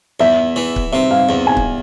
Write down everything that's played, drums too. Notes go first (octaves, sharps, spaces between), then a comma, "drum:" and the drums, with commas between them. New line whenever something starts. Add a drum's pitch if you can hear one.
E2 E5
E3
drum: kick C#1
C3 E5
F5
E2
G#5
drum: kick C#1